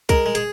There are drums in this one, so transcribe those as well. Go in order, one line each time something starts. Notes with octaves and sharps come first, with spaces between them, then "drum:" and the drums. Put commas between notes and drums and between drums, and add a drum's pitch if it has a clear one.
G#3 A#4, drum: kick C2, hi-hat
G#3
G#4, drum: hi-hat